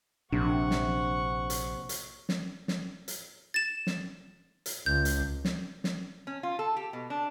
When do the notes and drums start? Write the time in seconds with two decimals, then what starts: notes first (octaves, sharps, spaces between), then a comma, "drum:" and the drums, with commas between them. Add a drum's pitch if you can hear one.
0.32 A#1 C3 D4 F#5 C#6
0.71 drum: snare
1.50 drum: hi-hat
1.89 drum: hi-hat
2.29 drum: snare
2.68 drum: snare
3.08 drum: hi-hat
3.54 A6 E7
3.87 drum: snare
4.66 drum: hi-hat
4.86 C#2 G6
5.05 drum: hi-hat
5.45 drum: snare
5.84 drum: snare
6.27 C#4
6.43 F4
6.59 A4
6.76 G4
6.93 B2
7.10 D4